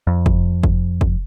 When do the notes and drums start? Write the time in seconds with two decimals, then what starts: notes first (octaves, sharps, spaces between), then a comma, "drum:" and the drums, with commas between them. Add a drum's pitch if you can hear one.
0.07 F2
0.26 drum: kick
0.63 drum: kick
1.01 drum: kick